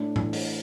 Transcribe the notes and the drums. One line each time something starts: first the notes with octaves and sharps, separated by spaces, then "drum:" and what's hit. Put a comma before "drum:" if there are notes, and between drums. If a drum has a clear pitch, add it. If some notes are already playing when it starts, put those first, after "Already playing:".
Already playing: A2 D4
E3, drum: tom A2
drum: open hi-hat